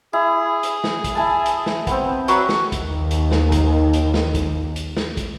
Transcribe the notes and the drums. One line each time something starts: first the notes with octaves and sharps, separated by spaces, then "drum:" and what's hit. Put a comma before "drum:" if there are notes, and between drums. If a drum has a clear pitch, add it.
E4 G#4
drum: hi-hat
drum: snare
drum: kick, hi-hat
E4 G#5 A5
drum: hi-hat
drum: snare
B3 C4, drum: kick, hi-hat
F#3 B4 C#6, drum: hi-hat
drum: snare
D#2 D#3, drum: kick, hi-hat
drum: hi-hat
drum: snare
drum: kick, hi-hat
drum: hi-hat
drum: snare
drum: kick, hi-hat
drum: hi-hat
drum: snare
drum: kick, hi-hat